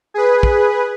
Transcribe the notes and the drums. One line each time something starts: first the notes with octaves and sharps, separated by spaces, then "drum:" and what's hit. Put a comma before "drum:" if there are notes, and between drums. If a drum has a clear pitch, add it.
G#4 B4
drum: kick